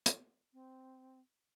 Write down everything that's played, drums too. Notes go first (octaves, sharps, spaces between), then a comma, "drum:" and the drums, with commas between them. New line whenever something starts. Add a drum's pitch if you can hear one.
drum: hi-hat
C4